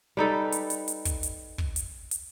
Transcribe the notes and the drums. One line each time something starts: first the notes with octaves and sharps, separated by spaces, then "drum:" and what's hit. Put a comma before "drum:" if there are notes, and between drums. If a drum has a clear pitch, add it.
G3 D#4 A4 B4
drum: hi-hat
drum: hi-hat
drum: hi-hat
drum: kick, hi-hat
drum: hi-hat
drum: kick
drum: hi-hat
drum: hi-hat